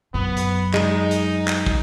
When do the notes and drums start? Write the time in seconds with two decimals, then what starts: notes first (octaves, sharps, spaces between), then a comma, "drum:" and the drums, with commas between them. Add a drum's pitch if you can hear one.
0.14 F#2 B3
0.37 drum: hi-hat
0.74 G#3 D#4, drum: clap
1.11 drum: hi-hat
1.48 drum: clap
1.66 drum: kick